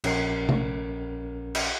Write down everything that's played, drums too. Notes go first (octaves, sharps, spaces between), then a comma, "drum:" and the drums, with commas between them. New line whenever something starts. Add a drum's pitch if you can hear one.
A#1 C#4 A#4 C7, drum: cymbal
drum: tom
drum: cymbal